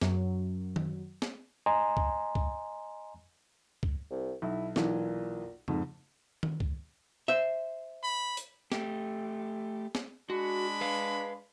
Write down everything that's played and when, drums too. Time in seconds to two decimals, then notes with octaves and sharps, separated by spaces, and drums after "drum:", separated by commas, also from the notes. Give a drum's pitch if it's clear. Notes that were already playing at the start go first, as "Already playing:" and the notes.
0.01 F#2 F#3, drum: snare
0.76 drum: tom D#3
1.22 drum: snare
1.66 D#5 G#5 A#5 C6
1.97 drum: kick
2.35 drum: kick
3.83 drum: kick
4.11 C2
4.42 B1 E4
4.76 B1 A#2 E3, drum: snare
5.68 F2 G#2, drum: tom C#3
6.43 drum: tom D#3
6.60 drum: kick
7.28 C5 E5
8.04 B5
8.37 drum: hi-hat
8.72 A3 G4, drum: snare
9.95 drum: snare
10.30 G#3 D4 F#4 B5
10.81 B4 F5